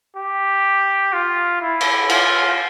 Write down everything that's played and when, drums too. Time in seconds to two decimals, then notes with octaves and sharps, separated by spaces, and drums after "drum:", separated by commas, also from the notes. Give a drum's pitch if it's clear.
0.16 G4
1.13 F4
1.61 E4
1.81 drum: cymbal
2.10 F4, drum: cymbal